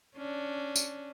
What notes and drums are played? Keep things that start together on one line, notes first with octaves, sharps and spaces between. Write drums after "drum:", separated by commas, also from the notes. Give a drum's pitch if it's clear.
C#4 D4
drum: tambourine